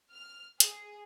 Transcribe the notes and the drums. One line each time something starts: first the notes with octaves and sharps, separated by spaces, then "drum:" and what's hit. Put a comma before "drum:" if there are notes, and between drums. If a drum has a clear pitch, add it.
F6
G#4, drum: hi-hat